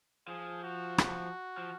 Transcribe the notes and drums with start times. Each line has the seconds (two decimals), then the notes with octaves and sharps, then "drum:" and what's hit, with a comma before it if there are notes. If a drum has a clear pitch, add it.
0.28 F3 G#4
0.63 F#4
0.98 drum: rim click
1.57 F3